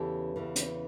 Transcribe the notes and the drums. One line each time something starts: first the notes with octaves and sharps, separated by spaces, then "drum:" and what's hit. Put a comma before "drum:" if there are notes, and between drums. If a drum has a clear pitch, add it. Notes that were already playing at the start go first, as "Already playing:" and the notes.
Already playing: E2 C#3 E3 G4 A4
E2 C#3 E3
drum: hi-hat